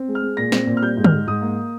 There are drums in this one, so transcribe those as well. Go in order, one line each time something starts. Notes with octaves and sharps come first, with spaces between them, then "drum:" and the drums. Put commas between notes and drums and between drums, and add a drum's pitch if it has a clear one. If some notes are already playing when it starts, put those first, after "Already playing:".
Already playing: C4
G#3
F6
G#3
A#2 A#6
C4, drum: snare
A#2
F6
G3 G6
G#2
F6, drum: tom D3
G#2
G#2 D#6
A#3